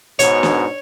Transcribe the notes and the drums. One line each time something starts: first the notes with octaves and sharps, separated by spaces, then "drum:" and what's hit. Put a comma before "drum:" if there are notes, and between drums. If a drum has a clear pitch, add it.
G#2 B2 C#5, drum: hi-hat
drum: snare